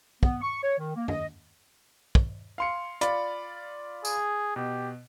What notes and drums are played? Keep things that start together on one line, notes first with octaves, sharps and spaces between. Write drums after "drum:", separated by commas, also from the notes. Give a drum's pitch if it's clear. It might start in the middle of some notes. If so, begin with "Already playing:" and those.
B3, drum: kick
C#6
C#5
D#3
A#3
D#5, drum: tom F#2
drum: kick
F5 C6 C#7
F4 D5 B5, drum: hi-hat
G#4, drum: tambourine
B2 G4